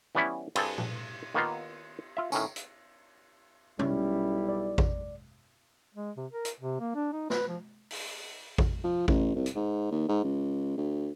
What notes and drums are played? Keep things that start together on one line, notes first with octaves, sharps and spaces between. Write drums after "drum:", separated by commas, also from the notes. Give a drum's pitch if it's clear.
E3 G3 B3 C#4 E4
G2 C4 G#4 A4, drum: cymbal
drum: tom A#2
D#3 A#3 B3 D#4 F4
F4 E5
A2 D#3 C#4, drum: tambourine
drum: hi-hat
B1 G3 C#4 E4, drum: tom C3
D5
drum: kick A1
G#3
C3
A#4
drum: hi-hat
C3
A#3
D4
D#4
B4, drum: snare
F3
drum: open hi-hat
drum: kick A1
F3
A1, drum: kick A1
C2
drum: hi-hat
G#2
D#2
G#2
C#2
D2